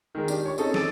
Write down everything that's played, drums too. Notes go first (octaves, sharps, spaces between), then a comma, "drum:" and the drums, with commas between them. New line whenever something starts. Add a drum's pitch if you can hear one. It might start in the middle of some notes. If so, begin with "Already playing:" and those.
D#3 G#3 A#4
D4 G4, drum: tambourine
C#5 C#6
C4 C#4 D#4 G#4 A4, drum: tambourine
D6 E6 A6 D7 D#7, drum: snare